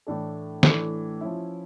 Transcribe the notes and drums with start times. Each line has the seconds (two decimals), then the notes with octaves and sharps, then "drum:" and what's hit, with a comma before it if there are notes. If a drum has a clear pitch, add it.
0.07 A2 E3 A3 D4 A4
0.63 A2 E3 A3 D4 A4, drum: snare
1.21 F3 C#4 E4